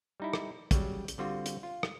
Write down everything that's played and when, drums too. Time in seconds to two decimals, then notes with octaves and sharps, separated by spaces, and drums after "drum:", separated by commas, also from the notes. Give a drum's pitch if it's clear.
0.20 G3 D#4 E4
0.33 drum: rim click
0.71 C#3 F#3 G3, drum: kick, hi-hat
1.08 drum: hi-hat
1.18 D3 G3 C4 F4 F#4
1.46 drum: hi-hat
1.63 F4
1.83 drum: rim click